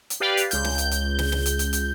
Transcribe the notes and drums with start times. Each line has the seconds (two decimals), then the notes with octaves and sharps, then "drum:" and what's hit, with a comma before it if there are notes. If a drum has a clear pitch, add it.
0.10 drum: hi-hat
0.20 G4 B4 D5 F5 G5
0.37 drum: hi-hat
0.51 C#2 G6, drum: hi-hat
0.64 drum: snare
0.78 drum: hi-hat
0.91 drum: hi-hat
1.19 drum: snare
1.32 drum: snare
1.46 drum: hi-hat
1.59 drum: hi-hat
1.73 drum: hi-hat